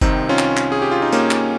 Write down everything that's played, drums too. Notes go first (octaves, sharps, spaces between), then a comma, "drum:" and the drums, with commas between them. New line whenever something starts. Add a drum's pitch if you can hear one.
C2 C3 D#3 C4 D#4, drum: kick F#1, tambourine
C#4 F4
drum: clap
drum: clap
G#4
G4
F4
D#4
A#3 C#4, drum: tambourine
drum: clap